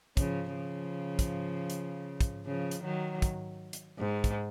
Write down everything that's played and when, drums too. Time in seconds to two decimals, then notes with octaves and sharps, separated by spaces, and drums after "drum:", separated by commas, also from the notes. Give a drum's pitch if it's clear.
0.17 C#3 F3, drum: kick, hi-hat
0.55 C#3 F3
1.19 drum: kick, hi-hat
1.70 drum: hi-hat
2.21 drum: kick, hi-hat
2.46 C#3 F3
2.71 drum: hi-hat
2.84 D#3 F#3
3.22 drum: kick, hi-hat
3.73 drum: hi-hat
3.98 G#2
4.24 drum: kick, hi-hat